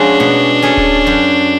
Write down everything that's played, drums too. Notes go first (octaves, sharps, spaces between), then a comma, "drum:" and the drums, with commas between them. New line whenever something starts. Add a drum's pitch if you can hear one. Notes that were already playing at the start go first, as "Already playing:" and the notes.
Already playing: F3 G#3 C#4 D4 F#4
B2, drum: tom A3
A3 C#4 G#4
drum: kick D1
F#2